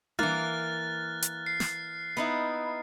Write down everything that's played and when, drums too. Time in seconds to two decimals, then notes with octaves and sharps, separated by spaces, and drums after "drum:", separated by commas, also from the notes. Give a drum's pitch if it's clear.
0.19 E3 A#3 F6 F#6 A6, drum: tom D4
1.22 drum: hi-hat
1.46 C7
1.60 drum: snare
2.17 B3 D#4 E4